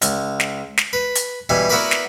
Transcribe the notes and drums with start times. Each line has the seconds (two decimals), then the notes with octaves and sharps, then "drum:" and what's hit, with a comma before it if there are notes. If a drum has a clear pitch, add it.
0.02 C#2, drum: hi-hat
0.40 drum: snare
0.77 drum: snare
0.93 B4
1.15 drum: hi-hat
1.49 B2 E3 G3 G#5
1.70 B3 E4 F#4 A#4 B4 D5
1.91 drum: snare